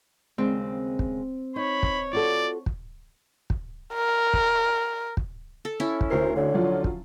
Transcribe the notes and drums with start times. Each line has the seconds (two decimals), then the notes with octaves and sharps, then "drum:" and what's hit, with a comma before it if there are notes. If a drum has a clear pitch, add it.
0.38 D#2 C#3 G#3 C4
0.99 drum: kick
1.56 D#4 C#5 B5
1.83 drum: kick
2.13 F4 F#4 A4 D5
2.66 drum: kick
3.50 drum: kick
3.94 A#4
4.34 drum: kick
5.17 drum: kick
5.65 A4
5.80 C#4 E4
6.01 drum: kick
6.10 D2 A#4 C5 C7
6.36 D3 C#5
6.53 F3 F#3 F4
6.84 drum: kick